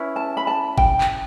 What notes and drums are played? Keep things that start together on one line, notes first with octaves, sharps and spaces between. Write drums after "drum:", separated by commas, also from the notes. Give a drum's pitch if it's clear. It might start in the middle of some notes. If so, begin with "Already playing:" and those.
Already playing: C#4 E4 B4
A5
B5
A5
G5, drum: kick G1
drum: clap